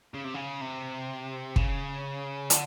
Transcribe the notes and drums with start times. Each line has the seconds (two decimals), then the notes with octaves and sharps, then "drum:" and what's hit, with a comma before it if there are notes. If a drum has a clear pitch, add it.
0.14 C#3
0.24 C3
0.34 C#3
0.61 C3
1.56 C#3, drum: kick
2.50 D3, drum: hi-hat